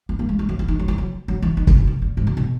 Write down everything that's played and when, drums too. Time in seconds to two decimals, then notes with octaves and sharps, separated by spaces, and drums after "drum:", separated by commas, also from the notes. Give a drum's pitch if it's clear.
0.09 A#3
0.19 A#3
0.29 G#3
0.39 G#3
0.49 F#3
0.59 E3
0.68 D#3
0.79 F#3
0.88 E3
0.98 F#3
1.28 F#3
1.42 E3
1.57 D#3
1.67 C#3, drum: kick
1.77 B2
1.87 B2
2.02 A#2
2.17 G#2
2.27 B2
2.37 B2